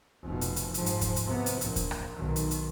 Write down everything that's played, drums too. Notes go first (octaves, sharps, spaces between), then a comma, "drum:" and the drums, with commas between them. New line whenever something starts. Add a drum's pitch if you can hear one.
F1 B2
drum: hi-hat
drum: hi-hat
G#2 F3, drum: hi-hat
drum: hi-hat
drum: kick D#2, hi-hat
drum: hi-hat
C3 B3
drum: hi-hat
A#1 A#2, drum: hi-hat
drum: kick D#2, hi-hat
drum: rim click
B1 D#3
drum: hi-hat
drum: hi-hat